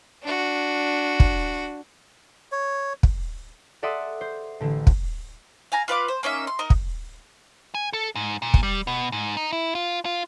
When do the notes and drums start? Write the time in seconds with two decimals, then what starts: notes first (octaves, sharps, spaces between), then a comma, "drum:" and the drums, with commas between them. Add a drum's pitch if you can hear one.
0.22 D4 F#4
1.20 drum: kick
2.52 C#5
3.03 drum: kick
3.83 A4 D5 E5 F#5 C6 D#6
4.21 C5
4.60 A1 D3
4.87 drum: kick
5.72 F5 G#5 A#5
5.88 F4 B4 F5 D6
6.08 C5
6.23 A#3 C#4 D#4 E5
6.47 C6
6.59 D#4 A#4 D#5
6.70 drum: kick
7.75 G#5
7.93 A4
8.15 G#2
8.42 A#2
8.54 drum: kick
8.63 G3
8.87 B2
9.12 G#2
9.37 D#4
9.53 E4
9.75 F4
10.05 F4